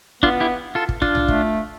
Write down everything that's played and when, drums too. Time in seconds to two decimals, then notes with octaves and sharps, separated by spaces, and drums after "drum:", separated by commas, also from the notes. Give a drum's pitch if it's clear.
0.23 B3 D4 F4, drum: kick
0.40 E4 G4
0.75 F4 A4
0.89 drum: kick
1.02 D4 F4, drum: kick
1.15 drum: tom
1.28 A3, drum: kick